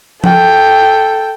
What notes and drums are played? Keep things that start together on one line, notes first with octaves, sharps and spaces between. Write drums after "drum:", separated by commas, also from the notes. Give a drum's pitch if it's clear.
A4 G5, drum: tom F3